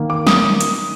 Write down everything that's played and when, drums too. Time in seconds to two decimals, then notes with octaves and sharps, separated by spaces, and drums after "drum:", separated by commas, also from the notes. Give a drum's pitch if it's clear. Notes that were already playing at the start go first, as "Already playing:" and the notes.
Already playing: D#3 A#3
0.10 D6
0.27 D#6, drum: snare F#3
0.61 drum: hi-hat